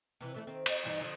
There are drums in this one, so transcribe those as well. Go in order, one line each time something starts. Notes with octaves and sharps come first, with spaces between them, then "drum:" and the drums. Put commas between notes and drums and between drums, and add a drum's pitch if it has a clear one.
C3 E3
E3 A3 E4
D#3 C4
D#5, drum: cymbal
G2 E3 D#4
D3 F3